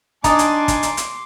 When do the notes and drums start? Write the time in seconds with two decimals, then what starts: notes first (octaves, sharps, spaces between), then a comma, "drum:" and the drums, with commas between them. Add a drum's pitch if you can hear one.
0.24 D4 D#4 D5 G#5 C6 D6, drum: kick, hi-hat
0.39 drum: hi-hat
0.68 drum: kick, hi-hat
0.83 drum: hi-hat
0.97 drum: hi-hat